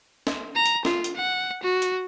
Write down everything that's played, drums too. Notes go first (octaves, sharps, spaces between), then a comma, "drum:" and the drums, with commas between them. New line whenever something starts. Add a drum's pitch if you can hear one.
drum: snare
A#5
drum: hi-hat
F4, drum: snare
drum: hi-hat
F#5
F#4
drum: hi-hat